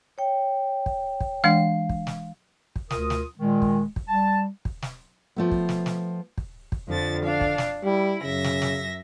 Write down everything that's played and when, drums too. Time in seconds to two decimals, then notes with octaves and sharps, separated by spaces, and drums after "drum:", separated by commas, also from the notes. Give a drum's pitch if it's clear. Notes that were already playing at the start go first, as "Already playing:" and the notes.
0.18 C#5 G5
0.86 drum: kick
1.20 drum: kick
1.44 E3 G#3 D4 F5
1.89 drum: kick
2.07 drum: snare
2.76 drum: kick
2.90 D2 F4 A#4 D#6, drum: snare
3.10 drum: snare
3.39 A#2 D#3 G#3
3.62 drum: kick
3.96 drum: kick
4.08 G3 A5
4.65 drum: kick
4.82 drum: snare
5.36 F3 A3 B3
5.51 drum: kick
5.69 drum: snare
5.86 drum: snare
6.38 drum: kick
6.72 drum: kick
6.89 F2 D3 F3 A6
7.24 D4 F5
7.41 drum: kick
7.58 drum: snare
7.84 G3 E4
8.23 F#2 C#3 E5 A#6
8.44 drum: snare
8.62 drum: snare